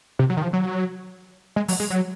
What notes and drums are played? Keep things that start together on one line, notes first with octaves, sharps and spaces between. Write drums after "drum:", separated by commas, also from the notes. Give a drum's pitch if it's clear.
C3
F#3
D#3
F3
F#3
G#3
F#3, drum: open hi-hat
G#3
F#3